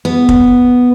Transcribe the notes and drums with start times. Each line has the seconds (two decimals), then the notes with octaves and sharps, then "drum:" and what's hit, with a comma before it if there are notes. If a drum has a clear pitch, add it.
0.05 B3
0.29 drum: kick